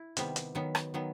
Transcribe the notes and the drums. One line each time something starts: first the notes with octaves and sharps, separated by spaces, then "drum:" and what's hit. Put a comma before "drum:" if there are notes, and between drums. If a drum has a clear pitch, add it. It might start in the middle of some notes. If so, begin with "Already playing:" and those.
Already playing: E4
C3 D#3 G3 B3, drum: hi-hat
drum: hi-hat
D#3 F#3 B3
drum: rim click
D#3 F#3 B3